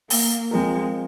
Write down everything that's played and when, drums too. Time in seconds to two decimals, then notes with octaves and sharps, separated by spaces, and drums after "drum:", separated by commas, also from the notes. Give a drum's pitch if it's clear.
0.10 A#3, drum: open hi-hat
0.51 F3 G#3 C4 F4 A#4